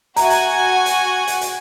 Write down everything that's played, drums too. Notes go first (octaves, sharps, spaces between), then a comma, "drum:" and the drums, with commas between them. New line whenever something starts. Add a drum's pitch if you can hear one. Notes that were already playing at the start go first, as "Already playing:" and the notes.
F#4 E5 G#5 A#5, drum: hi-hat
drum: hi-hat
drum: hi-hat
drum: hi-hat
drum: hi-hat